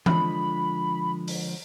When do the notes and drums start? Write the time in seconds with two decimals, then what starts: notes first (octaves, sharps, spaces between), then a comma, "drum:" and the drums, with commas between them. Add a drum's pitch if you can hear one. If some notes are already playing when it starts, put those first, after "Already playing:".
0.06 D3 F3 G#3 B5, drum: tom E3
1.28 drum: open hi-hat